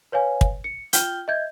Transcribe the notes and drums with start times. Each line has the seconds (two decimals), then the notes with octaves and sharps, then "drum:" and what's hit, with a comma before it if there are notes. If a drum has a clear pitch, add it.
0.12 B4 C#5 F5 G#5
0.41 drum: kick
0.64 C#7
0.93 F4 G5 F6 G6 G7, drum: hi-hat
1.28 D#5 E5 G6 G#6